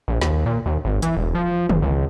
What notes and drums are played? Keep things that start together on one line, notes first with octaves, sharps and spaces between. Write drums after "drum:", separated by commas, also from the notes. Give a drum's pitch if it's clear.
A#1
D#2, drum: snare
A#2
D#2
G#1
E3, drum: hi-hat
E1
F3
F#1, drum: tom D3
C#2